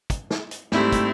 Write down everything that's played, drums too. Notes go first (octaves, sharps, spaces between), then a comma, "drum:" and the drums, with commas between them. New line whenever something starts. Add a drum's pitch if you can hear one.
drum: kick, hi-hat
drum: snare
drum: hi-hat
G#2 G3 A3 C4 E4, drum: snare
drum: kick, hi-hat